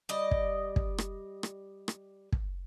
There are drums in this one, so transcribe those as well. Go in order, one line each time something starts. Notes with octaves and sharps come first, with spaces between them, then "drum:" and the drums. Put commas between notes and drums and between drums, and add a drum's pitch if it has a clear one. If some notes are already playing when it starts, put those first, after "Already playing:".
G3 D5 D#5
drum: kick
drum: kick
drum: rim click
drum: rim click
drum: rim click
drum: kick